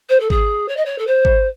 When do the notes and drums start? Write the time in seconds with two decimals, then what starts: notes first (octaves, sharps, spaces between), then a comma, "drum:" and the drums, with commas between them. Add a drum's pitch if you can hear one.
0.09 C5
0.20 A4
0.30 G#4, drum: kick G#1
0.68 C#5
0.77 D#5
0.85 C#5
0.98 A4
1.07 C5
1.25 drum: kick G#1